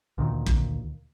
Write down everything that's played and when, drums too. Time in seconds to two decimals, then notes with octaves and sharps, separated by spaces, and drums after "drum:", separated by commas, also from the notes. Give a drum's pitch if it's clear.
0.18 D2 A#2 D#3
0.46 drum: kick